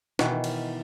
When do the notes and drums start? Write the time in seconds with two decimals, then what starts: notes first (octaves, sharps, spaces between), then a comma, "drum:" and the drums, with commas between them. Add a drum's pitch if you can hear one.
0.19 B2 D#3 E3, drum: snare
0.44 drum: cymbal